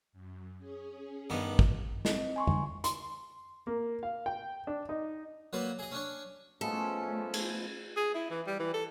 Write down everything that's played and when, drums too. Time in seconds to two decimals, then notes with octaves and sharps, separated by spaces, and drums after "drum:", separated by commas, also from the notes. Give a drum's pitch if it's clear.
0.13 F#2
0.58 C#4 G#4
1.30 G2 D#3 B3
1.59 drum: kick
2.05 C4 D#5, drum: snare
2.36 G#5 C6 C#6
2.47 drum: tom F2
2.84 C6, drum: hi-hat
3.67 A#3
4.03 F5
4.26 G5
4.67 D4
4.89 D#4
5.53 F#3 A#3 B4 D5
5.79 G#4 D#5
5.91 C#4 D4 C#5
6.61 F3 G#3 A3 B3 C#4 A4
7.34 drum: cymbal
7.97 G#4
8.15 E4
8.30 E3
8.47 G3
8.59 E3
8.74 A4